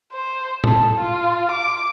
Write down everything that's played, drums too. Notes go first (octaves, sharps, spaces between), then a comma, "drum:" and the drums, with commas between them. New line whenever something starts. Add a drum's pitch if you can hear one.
C5
A4, drum: tom A2
F4
D6